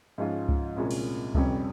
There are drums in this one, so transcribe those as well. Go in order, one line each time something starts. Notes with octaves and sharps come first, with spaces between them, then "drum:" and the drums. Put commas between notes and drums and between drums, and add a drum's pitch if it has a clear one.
G#2 F3 G#3 C#4 F4
drum: kick C#2
C2 A#2 G#3 C#4
drum: cymbal
F1 F2 C3 G3 C#4, drum: kick C#2